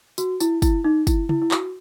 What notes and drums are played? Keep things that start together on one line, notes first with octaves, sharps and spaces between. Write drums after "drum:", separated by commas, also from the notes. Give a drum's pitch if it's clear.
F#4, drum: tambourine
E4, drum: tambourine
E4, drum: kick, tambourine
D#4
E4, drum: kick, tambourine
E4, drum: tom C#3
E4
F#4, drum: clap